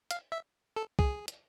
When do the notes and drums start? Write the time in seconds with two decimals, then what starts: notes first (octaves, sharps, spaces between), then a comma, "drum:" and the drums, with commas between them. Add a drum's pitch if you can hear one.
0.11 F5, drum: hi-hat
0.32 E5
0.76 A4
0.99 G#4, drum: kick C#2
1.28 drum: hi-hat